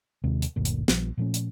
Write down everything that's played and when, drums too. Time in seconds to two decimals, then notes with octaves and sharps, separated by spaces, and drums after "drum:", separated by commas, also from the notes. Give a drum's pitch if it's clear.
0.24 D#2 C3 D#3 G#3
0.42 drum: hi-hat
0.56 F#1 D2 A#2
0.65 drum: hi-hat
0.88 A#1 F3 G3 B3, drum: snare
1.17 A#2 F3 A3 C#4
1.34 drum: hi-hat